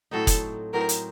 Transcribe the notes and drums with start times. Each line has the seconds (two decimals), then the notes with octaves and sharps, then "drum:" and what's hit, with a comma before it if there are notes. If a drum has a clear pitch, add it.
0.11 A2 F#3 C4 D#4 A4
0.27 drum: kick, hi-hat
0.73 A2 F#3 C4 D#4 A#4
0.89 drum: hi-hat